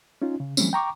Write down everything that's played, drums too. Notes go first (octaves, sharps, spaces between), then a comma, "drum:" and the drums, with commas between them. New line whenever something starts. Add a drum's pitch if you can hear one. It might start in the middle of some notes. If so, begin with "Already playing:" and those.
C#4 D#4 F4
C#3
E3 F#3 G3 A3 C4 C#4, drum: tambourine
G5 A#5 C#6 D6